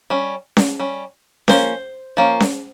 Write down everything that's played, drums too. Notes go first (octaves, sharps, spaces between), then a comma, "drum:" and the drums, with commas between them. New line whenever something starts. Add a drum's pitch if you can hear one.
G3 C#4
drum: snare C#4
G3 C#4
F3 A#3 C#4 C5, drum: snare C#4
F3 A#3 C#4
drum: snare C#4